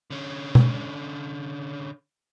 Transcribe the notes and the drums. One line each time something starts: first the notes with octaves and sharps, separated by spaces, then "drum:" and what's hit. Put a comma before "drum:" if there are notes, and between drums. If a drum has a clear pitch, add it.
D3 C#4
drum: tom B2